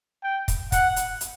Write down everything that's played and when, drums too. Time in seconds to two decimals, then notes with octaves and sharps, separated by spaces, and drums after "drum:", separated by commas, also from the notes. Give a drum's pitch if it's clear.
0.23 G5
0.48 drum: kick, hi-hat
0.72 F#5, drum: kick, hi-hat
0.96 drum: hi-hat
1.21 drum: hi-hat